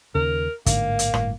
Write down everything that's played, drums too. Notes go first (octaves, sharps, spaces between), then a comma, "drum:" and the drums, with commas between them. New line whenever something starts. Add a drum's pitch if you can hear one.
D#2 C#3 A#4
A1 G#2 D3 A#3, drum: kick, hi-hat
drum: hi-hat
G1 A2, drum: rim click